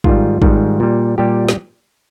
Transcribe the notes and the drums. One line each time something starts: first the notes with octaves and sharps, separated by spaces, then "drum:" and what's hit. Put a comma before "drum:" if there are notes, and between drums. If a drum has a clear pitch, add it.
G#2 D#3 G3 F4, drum: kick
G#2 D#3 G3, drum: kick
A#2 G3
A#2 G3 G4
drum: snare